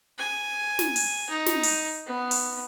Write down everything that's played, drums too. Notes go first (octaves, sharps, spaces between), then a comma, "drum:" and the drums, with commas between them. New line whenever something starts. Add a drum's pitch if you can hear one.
G#5
drum: snare
drum: open hi-hat
D#4
drum: snare
drum: open hi-hat
B3
drum: open hi-hat